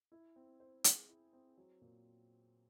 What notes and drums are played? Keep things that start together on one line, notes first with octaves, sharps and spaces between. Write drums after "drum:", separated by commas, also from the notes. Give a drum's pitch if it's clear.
E4
C4
C5
G#4, drum: hi-hat
E4
C4
F#3
A#2